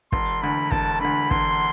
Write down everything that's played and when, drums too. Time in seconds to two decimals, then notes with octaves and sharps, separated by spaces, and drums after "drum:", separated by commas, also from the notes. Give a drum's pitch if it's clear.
0.12 E1 C6, drum: kick
0.42 D2 D3 B5
0.71 E1 A5, drum: kick
1.00 D2 D3 B5
1.31 E1 C6, drum: kick